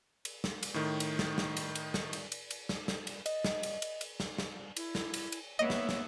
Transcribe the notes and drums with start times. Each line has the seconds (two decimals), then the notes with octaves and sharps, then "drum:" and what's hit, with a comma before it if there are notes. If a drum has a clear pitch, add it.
0.25 drum: cymbal
0.44 drum: snare
0.63 drum: cymbal
0.74 A2 D#3
1.00 drum: cymbal
1.19 drum: snare
1.38 drum: snare
1.57 drum: cymbal
1.75 drum: cymbal
1.94 drum: snare
2.13 drum: cymbal
2.32 drum: cymbal
2.51 drum: cymbal
2.69 drum: snare
2.88 drum: snare
3.07 drum: cymbal
3.26 D#5, drum: cymbal
3.44 drum: snare
3.63 drum: cymbal
3.82 drum: cymbal
4.01 drum: cymbal
4.20 drum: snare
4.38 drum: snare
4.77 E4, drum: cymbal
4.95 drum: snare
5.14 drum: cymbal
5.32 drum: cymbal
5.59 A#3 B3 C#5 D#5 E5
5.70 drum: snare
5.89 drum: snare